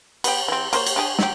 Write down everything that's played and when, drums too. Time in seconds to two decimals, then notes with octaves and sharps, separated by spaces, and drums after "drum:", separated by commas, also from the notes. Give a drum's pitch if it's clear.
0.24 B3 G4, drum: cymbal
0.48 E3 C4
0.73 A#3 C5 C#5, drum: cymbal
0.86 drum: cymbal
0.96 D4 G4 G#4
1.19 F#3 G4, drum: snare